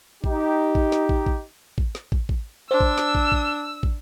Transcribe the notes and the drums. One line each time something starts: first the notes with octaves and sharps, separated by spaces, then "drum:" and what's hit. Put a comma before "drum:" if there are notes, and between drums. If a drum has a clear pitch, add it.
D#4 G4, drum: kick
drum: kick
drum: snare
drum: kick
drum: kick
drum: kick
drum: snare
drum: kick
drum: kick
D4 C5 E6
drum: kick
drum: snare
drum: kick
drum: kick
drum: kick